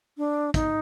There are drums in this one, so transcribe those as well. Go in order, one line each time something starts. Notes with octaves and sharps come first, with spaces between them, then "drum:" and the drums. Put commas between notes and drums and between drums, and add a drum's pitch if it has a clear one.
D4
D#4, drum: kick, hi-hat